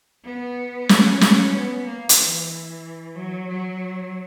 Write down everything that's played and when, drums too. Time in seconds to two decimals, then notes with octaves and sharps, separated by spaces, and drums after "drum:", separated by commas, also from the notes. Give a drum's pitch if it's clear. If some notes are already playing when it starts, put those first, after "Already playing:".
0.25 B3
0.89 C#4, drum: snare
1.21 C#4, drum: snare
1.54 B3
1.86 A#3
2.09 drum: hi-hat
2.18 E3
3.15 F#3
3.48 F#3